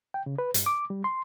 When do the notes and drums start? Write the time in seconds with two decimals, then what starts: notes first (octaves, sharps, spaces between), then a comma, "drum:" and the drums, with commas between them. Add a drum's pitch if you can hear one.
0.14 G5
0.26 C#3
0.38 B4
0.54 G2, drum: hi-hat
0.66 D6
0.90 G3
1.04 C6